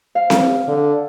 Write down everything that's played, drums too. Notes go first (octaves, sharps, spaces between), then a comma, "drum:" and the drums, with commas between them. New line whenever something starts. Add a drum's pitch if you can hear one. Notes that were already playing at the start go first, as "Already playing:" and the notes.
F5
drum: snare C4
D3